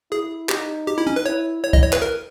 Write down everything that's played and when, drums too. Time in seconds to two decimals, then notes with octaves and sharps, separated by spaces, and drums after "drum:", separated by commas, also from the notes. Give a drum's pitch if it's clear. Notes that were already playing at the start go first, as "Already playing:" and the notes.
0.11 E4 G#4
0.49 D#4 G4, drum: clap
0.87 G4
0.98 E4
1.07 C#4
1.16 B4
1.26 E4 C#5
1.63 E4 C#5
1.73 D#5, drum: kick
1.82 C#5
1.93 B4, drum: clap
2.02 A#4